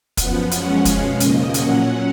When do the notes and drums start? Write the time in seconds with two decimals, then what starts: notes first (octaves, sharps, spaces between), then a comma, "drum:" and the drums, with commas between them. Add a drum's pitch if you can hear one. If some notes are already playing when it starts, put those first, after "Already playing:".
0.17 F#2 F3 B3 F#5, drum: kick, hi-hat
0.51 F#2 F3 G#3 C#4 F#5, drum: hi-hat
0.85 B2 G#3 C#4 F5, drum: kick, hi-hat
1.20 D#2 C#3 F3 A#3 D#5, drum: hi-hat
1.54 A#2 F#3 C#4 F#5, drum: hi-hat